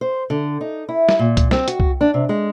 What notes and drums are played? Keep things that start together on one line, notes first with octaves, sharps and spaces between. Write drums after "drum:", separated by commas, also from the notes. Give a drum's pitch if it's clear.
C5
D3
D#4
E4
drum: snare
A#2
drum: kick C2, hi-hat
C4, drum: snare
F#4, drum: hi-hat
drum: kick C2
D4
C3
G#3